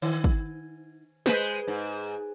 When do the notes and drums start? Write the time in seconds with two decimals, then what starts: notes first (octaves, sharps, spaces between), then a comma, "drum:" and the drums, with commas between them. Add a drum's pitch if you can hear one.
0.02 D#3
0.24 drum: kick
1.26 G#3 B4 C5, drum: snare
1.68 G#2